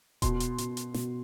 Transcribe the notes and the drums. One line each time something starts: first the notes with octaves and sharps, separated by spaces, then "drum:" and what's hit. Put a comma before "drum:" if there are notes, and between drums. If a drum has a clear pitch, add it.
B2 C6, drum: kick D#1, hi-hat
drum: hi-hat
B2, drum: hi-hat
drum: hi-hat
B2, drum: snare